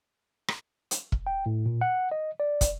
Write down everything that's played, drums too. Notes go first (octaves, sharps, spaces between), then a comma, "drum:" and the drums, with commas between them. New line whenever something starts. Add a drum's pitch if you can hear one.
drum: rim click
drum: hi-hat
drum: kick
G5
A2
A#2
F#5
D#5
D5
drum: kick, hi-hat